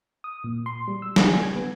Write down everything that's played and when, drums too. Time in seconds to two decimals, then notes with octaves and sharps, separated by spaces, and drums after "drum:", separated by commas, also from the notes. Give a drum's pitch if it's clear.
0.24 D#6
0.44 A#2
0.66 C6
0.88 G3
1.02 E6
1.16 C#3, drum: snare
1.28 G#5
1.43 G#6
1.55 B3